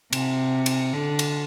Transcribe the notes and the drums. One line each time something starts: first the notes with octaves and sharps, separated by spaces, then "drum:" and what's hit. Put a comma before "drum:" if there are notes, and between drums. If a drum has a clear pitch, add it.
C3, drum: cymbal
drum: cymbal
D3
drum: cymbal